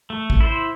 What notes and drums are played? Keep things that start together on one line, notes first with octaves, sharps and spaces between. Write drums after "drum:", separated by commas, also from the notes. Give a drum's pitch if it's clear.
A3
drum: kick
E4 C5